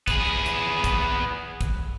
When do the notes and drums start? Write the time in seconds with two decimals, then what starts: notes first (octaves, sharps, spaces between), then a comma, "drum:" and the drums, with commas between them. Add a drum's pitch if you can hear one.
0.08 B3 G#4, drum: kick, hi-hat
0.46 drum: hi-hat
0.84 drum: kick, hi-hat
1.61 drum: kick, hi-hat